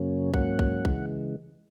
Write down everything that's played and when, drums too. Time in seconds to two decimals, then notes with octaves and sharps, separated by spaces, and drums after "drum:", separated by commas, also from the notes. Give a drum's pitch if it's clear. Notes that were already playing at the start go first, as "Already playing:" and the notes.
Already playing: F#2 C#3 F#3 A#3 C#4
0.34 G#2 F#3 A#3 C#4 F#5, drum: kick
0.59 drum: kick
0.85 C#3 E3 G#3, drum: kick